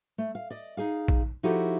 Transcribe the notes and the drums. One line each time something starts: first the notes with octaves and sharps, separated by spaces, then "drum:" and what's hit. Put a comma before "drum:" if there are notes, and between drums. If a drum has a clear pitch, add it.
A3
F5
D5 D#5
D#4 G#4 F5
drum: kick A#1
F3 D#4 E4 F#4 G4 A4